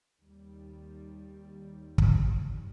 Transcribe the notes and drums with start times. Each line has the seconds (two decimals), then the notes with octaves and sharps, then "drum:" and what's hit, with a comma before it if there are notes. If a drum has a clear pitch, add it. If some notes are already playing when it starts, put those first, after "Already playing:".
0.21 D#2 G3
1.98 drum: kick